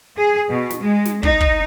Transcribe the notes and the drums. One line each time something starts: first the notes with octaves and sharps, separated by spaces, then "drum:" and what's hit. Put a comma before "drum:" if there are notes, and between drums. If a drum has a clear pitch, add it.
G#4
B2
drum: snare
G#3
drum: snare
D#4, drum: kick
drum: kick